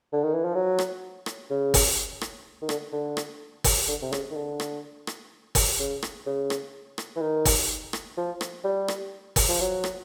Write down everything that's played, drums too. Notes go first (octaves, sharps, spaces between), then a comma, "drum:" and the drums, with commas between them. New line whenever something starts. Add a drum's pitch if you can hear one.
D3
D#3
E3
F3
F#3
drum: rim click
drum: rim click
C#3
drum: kick G1, open hi-hat
drum: rim click
D#3
D3, drum: rim click
D3
drum: rim click
drum: kick G1, open hi-hat
D3
C3
C#3, drum: rim click
D#3
D3
drum: rim click
drum: rim click
drum: kick G1, open hi-hat
C#3
drum: rim click
C#3
drum: rim click
drum: rim click
E3
D#3
drum: kick G1, open hi-hat
drum: rim click
F3
drum: rim click
G3
drum: rim click
drum: kick G1, open hi-hat
F3
F#3
drum: rim click